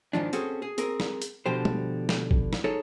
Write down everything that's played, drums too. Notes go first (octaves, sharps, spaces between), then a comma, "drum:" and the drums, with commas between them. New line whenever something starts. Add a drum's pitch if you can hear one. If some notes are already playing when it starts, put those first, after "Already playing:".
G#2 D#3 F3 D4
C4 C#4 F#4 G#4 A4, drum: hi-hat
G#4
C4 G#4 A#4, drum: hi-hat
drum: snare
drum: hi-hat
B2 D3 F3 G4 C5
drum: tom
drum: snare
drum: kick
drum: snare
D#4 G#4 A4 C#5